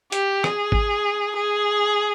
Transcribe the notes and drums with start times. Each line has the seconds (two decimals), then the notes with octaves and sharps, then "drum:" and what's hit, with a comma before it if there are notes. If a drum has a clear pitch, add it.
0.12 G4, drum: hi-hat
0.44 G#4, drum: rim click
0.72 drum: kick G#1
1.37 G#4